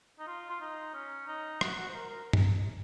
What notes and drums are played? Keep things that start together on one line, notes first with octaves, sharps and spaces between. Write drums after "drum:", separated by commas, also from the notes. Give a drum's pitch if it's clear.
D#4
F4
F4
D#4
C#4
D#4
F#4, drum: rim click
F#4
C5
A#4
A#4
drum: tom G2